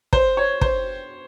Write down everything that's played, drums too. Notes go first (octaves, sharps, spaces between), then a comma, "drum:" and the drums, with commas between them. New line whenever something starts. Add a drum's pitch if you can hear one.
C5, drum: kick
C#5
C5, drum: kick